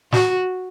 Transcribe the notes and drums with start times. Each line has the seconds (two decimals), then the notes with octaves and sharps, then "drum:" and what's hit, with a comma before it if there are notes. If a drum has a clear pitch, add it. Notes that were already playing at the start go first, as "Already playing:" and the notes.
0.12 F#4, drum: snare